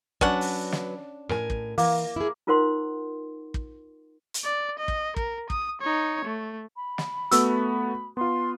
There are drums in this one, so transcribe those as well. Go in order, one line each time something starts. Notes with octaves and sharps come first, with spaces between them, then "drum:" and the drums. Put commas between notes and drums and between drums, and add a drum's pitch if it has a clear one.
F#3 C#4 D4 B4 F#5, drum: kick
drum: open hi-hat
drum: snare
A2 A#4 G#5, drum: rim click
drum: kick
E3 A#3, drum: open hi-hat
E4 G#4
D#4 F4 A#4 C5 F#5 C6
drum: kick
drum: hi-hat
D5
D#5
drum: kick
A#4, drum: kick
D#6, drum: kick
D#4 C#5
A3
B5
drum: snare
A3 B3 F#4 E6, drum: hi-hat
B3 F4 C6